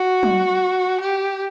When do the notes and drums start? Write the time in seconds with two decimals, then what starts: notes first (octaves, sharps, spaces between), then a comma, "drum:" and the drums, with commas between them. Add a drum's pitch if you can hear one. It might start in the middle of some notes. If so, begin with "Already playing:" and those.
Already playing: F#4
0.23 drum: tom F#3
1.01 G4